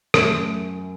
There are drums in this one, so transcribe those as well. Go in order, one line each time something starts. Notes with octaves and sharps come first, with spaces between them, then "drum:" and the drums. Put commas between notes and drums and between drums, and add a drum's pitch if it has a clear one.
F#2 A3, drum: rim click